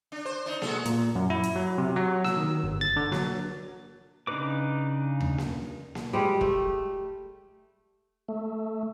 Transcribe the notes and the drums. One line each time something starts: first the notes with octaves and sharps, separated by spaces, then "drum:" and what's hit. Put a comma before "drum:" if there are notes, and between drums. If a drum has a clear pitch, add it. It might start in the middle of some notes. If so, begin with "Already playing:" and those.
D4
C5
D4 D#4
G#3 F#4 A4, drum: snare A#3
A#2, drum: hi-hat
F#2
E4
drum: hi-hat
F#3
C3
F#3
E6, drum: snare A#3
D#3
G1
A6
D3
F#3, drum: snare A#3
C#3 D4 D#4 B4 D6
drum: tom D#2
drum: snare A#3
drum: snare A#3
G3 G#3 G4
A3, drum: kick
A3